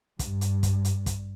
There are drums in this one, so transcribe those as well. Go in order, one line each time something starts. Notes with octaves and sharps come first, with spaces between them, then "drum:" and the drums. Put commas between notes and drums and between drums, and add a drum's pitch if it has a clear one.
G2, drum: kick, hi-hat
drum: hi-hat
drum: kick, hi-hat
drum: hi-hat
drum: kick, hi-hat